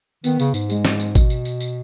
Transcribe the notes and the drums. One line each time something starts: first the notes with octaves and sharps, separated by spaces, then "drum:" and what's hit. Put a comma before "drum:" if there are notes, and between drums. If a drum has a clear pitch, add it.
D#3 B3, drum: tambourine
C#3, drum: tambourine
G#2, drum: tambourine
G#3, drum: tambourine
drum: snare
drum: tambourine
B2, drum: kick G#1, tambourine
drum: tambourine
drum: tambourine
drum: tambourine